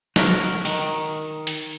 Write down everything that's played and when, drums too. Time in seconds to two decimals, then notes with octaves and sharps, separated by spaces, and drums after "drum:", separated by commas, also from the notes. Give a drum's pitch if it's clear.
0.16 F#4 A#4, drum: snare
0.65 D#3, drum: open hi-hat
1.47 drum: hi-hat